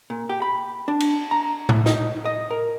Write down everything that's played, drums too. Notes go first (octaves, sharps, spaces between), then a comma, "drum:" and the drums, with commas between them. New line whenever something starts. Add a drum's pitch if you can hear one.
A#2
G4
B5
D4
drum: cymbal
A#5
A2, drum: tom A2
D#4, drum: snare
D#5
A#4